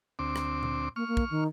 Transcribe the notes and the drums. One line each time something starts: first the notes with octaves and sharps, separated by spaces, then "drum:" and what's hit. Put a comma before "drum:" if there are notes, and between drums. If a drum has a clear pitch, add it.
D2 C4 D6
drum: rim click
drum: tom A#2
A#3 C#6 F6
A#3
drum: kick
D#3